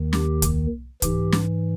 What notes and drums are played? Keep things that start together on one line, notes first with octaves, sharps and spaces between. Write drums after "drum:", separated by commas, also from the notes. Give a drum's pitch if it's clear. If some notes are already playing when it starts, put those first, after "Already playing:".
Already playing: D#2 D#3
G4, drum: snare
drum: kick C2, hi-hat
G#2 E3 G4, drum: kick C2, hi-hat
drum: snare